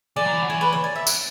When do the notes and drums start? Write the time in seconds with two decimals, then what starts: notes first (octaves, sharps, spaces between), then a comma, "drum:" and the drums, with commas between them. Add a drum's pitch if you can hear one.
0.16 E3 D5
0.25 F#3
0.33 E3
0.42 F#3
0.50 E3 C#5
0.61 B4
0.72 C#5
0.84 D5
0.96 E5
1.07 F#5, drum: tambourine